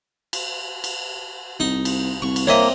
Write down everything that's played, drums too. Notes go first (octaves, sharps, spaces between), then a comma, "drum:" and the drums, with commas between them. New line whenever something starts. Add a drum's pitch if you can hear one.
drum: cymbal
drum: cymbal
C2 D#4
drum: cymbal
C2 C#6
drum: cymbal
A#3 C4 C#5 D#5 E5 D#6